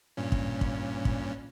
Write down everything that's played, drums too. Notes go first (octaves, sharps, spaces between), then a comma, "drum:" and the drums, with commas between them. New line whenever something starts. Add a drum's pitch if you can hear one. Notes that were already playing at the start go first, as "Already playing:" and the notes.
G2 A#2 C#4
drum: kick
drum: kick
drum: kick